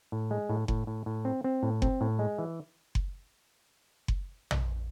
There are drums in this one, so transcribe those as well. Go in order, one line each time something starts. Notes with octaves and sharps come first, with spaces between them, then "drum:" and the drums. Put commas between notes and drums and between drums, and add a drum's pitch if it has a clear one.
A2
G#3
A2
A2, drum: kick F#1
A2
A2
C4
C4
A2
C4, drum: kick F#1
A2
G#3
E3
drum: kick F#1
drum: kick F#1
drum: tom A#1